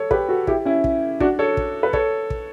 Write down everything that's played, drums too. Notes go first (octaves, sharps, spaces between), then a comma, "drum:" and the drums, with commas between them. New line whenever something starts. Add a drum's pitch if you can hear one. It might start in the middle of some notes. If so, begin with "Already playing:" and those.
Already playing: A4 C#5
G4 B4, drum: kick
F#4 A4
E4 G4, drum: kick
C#4 E4
drum: kick
D4 F#4, drum: kick
A4 C#5
drum: kick
B4
A4 C#5, drum: kick
drum: kick